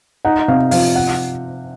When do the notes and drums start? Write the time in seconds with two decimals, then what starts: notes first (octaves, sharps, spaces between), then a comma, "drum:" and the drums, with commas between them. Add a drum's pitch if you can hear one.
0.25 D#4 F#5
0.48 C3 F5
0.71 F3 F5, drum: open hi-hat
0.96 F#5